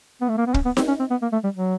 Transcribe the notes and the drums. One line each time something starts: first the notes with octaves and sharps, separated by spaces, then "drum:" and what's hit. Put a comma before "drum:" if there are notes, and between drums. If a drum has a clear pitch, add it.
B3
A3
A#3
B3
C#4, drum: kick
B3
C4, drum: snare D#4
C#4
C4
B3
A#3
A3
G3
F#3